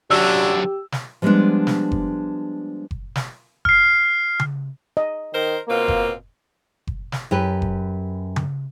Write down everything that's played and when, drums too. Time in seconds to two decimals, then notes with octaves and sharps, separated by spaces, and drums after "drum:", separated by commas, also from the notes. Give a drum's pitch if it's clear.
0.11 F#2 D3 F#3 D4 G4 E6
0.92 drum: snare
1.22 F3 G3 G#3 A#3 B3 D4
1.67 drum: snare
1.92 drum: kick F#1
2.91 drum: kick F#1
3.16 drum: snare
3.65 F6 C7, drum: kick F#1
4.39 drum: tom C#3
4.97 D#5
5.33 D#3 A#4 C5
5.68 B2 A#3 C4 F4
5.88 drum: kick F#1
6.87 drum: kick F#1
7.12 drum: snare
7.31 F#2 G4 B4
7.62 drum: kick F#1
8.36 drum: tom C#3